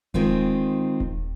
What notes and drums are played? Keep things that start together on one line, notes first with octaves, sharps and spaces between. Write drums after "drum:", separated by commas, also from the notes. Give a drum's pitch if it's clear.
D#3 G#3 C4 F4, drum: kick D#1
drum: kick D#1